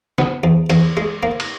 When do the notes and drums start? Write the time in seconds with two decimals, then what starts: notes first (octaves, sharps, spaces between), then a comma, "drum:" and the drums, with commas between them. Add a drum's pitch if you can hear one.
0.18 B3, drum: snare
0.44 E2
0.70 E2, drum: cymbal
0.97 G#3
1.23 A#3
1.40 drum: cymbal